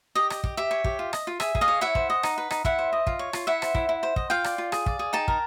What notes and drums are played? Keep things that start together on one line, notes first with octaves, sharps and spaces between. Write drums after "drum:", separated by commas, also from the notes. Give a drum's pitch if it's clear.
G4 D#5
D#5, drum: rim click
G4, drum: kick
G4 E5
C#5
G4, drum: kick
F4
D#5, drum: rim click
F4
G#4 E5, drum: rim click
G#4, drum: kick
D#5 F5
C#5
E4 E5 F#5
C5, drum: kick
D#5
D#4, drum: rim click
B4
D#4, drum: rim click
E4 E5 F#5, drum: kick
C5
D#5
F4, drum: kick
C#5
F4, drum: rim click
E4 E5 F#5
C5, drum: rim click
E4, drum: kick
E4
C5
D#5, drum: kick
F4 F5 G5
D5, drum: rim click
F4
G#4, drum: rim click
D5, drum: kick
G#4
D#4 G5 A5
A#4, drum: kick